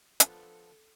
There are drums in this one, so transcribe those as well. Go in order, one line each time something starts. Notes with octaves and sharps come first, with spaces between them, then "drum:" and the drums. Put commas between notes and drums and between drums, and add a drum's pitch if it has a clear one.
F3 B3 D4 A4, drum: hi-hat